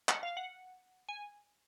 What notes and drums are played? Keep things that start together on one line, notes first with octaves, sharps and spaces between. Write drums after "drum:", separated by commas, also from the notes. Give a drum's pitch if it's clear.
F#5, drum: clap
F5
F#5
G#5